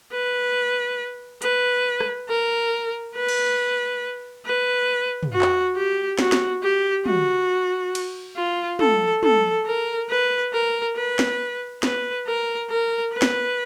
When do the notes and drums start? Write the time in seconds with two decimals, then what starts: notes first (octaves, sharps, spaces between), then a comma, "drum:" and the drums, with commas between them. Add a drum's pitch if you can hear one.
0.12 B4
1.42 B4, drum: hi-hat
2.00 drum: rim click
2.28 A#4
3.15 B4
3.29 drum: cymbal
4.45 B4
5.23 drum: tom
5.32 F#4
5.42 drum: clap
5.75 G4
6.19 F#4, drum: snare
6.32 drum: snare
6.62 G4
7.06 F#4, drum: tom
7.95 drum: cymbal
8.36 F4
8.79 A4, drum: tom
9.23 A4, drum: tom
9.65 A#4
10.09 B4
10.53 A#4
10.96 B4
11.19 drum: snare
11.83 B4, drum: snare
12.27 A#4
12.69 A#4
13.13 B4
13.22 drum: snare